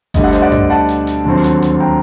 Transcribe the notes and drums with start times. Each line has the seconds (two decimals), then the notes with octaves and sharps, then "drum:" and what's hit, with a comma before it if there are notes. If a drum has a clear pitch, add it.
0.14 D2 D3 G3 D#5, drum: kick G1, hi-hat
0.24 F#5
0.33 C5 D#5, drum: hi-hat
0.42 D5 F#5
0.52 drum: tom F#2
0.70 F#5 A5
0.89 drum: hi-hat
1.07 drum: hi-hat
1.25 D#2 D3 F#3 C4
1.44 drum: hi-hat
1.62 drum: hi-hat
1.80 G5 A#5